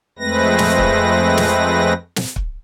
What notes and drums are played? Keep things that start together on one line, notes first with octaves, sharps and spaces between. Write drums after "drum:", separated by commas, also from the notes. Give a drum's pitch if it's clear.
F2 G#3 A3 C4 B4 A#6
drum: snare
drum: kick
drum: snare
drum: snare
drum: kick